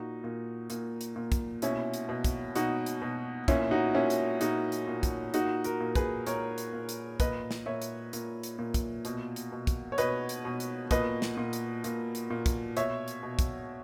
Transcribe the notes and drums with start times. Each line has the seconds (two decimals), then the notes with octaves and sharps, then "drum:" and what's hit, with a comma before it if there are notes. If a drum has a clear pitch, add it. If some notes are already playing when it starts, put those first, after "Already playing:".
Already playing: A#2 D#4 F#4
0.24 A#2
0.70 A#2, drum: hi-hat
1.01 drum: hi-hat
1.16 A#2
1.32 drum: kick, hi-hat
1.62 B2 C#4 E4, drum: hi-hat
1.94 drum: hi-hat
2.09 B2
2.24 drum: kick, hi-hat
2.56 B2 D#4 F#4, drum: hi-hat
2.86 drum: hi-hat
3.02 B2
3.48 A#2 C#4 E4, drum: kick, hi-hat
3.71 D#4 F#4
3.94 A#2 C#4 E4
4.10 drum: hi-hat
4.41 A#2 D#4 F#4, drum: hi-hat
4.72 drum: hi-hat
4.87 A#2
5.03 drum: kick, hi-hat
5.34 A#2 D#4 F#4, drum: hi-hat
5.64 F#4 A#4, drum: hi-hat
5.80 A#2
5.95 G#4 B4, drum: kick, hi-hat
6.27 A#2 A#4 C#5, drum: hi-hat
6.58 drum: hi-hat
6.73 A#2
6.89 drum: hi-hat
7.20 A#2 B4 D#5, drum: kick, hi-hat
7.51 drum: snare
7.66 A#2 C#5 E5
7.82 drum: hi-hat
8.13 A#2, drum: hi-hat
8.43 drum: hi-hat
8.59 A#2
8.74 drum: kick, hi-hat
9.05 B2, drum: hi-hat
9.36 drum: hi-hat
9.52 B2
9.67 drum: kick, hi-hat
9.92 C#5
9.98 B2 B4 D#5, drum: hi-hat
10.29 drum: hi-hat
10.45 B2
10.60 drum: hi-hat
10.91 A#2 B4 D#5, drum: kick, hi-hat
11.22 drum: snare
11.37 A#2
11.53 drum: hi-hat
11.84 A#2, drum: hi-hat
12.15 drum: hi-hat
12.30 A#2
12.46 drum: kick, hi-hat
12.77 B2 C#5 E5, drum: hi-hat
13.08 drum: hi-hat
13.23 B2
13.39 drum: kick, hi-hat